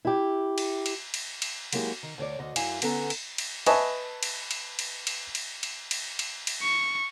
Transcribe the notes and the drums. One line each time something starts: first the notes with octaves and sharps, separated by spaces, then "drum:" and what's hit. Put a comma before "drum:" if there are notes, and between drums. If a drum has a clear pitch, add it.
E4 G4
drum: cymbal
drum: cymbal
drum: cymbal
drum: cymbal
F#3 G#3 A#3 E4 G4 G#4, drum: cymbal
D#3
D2 C#5 D5
D2 D#5
F#2 E4 F5 G#5, drum: cymbal
D3 B3 C#4 A4 A#5, drum: cymbal
drum: cymbal
drum: cymbal
B4 D#5 E5 G#5 A5 C#6, drum: cymbal
drum: cymbal
drum: cymbal
drum: cymbal
drum: cymbal
drum: cymbal
drum: cymbal
drum: cymbal
drum: cymbal
drum: cymbal
C#6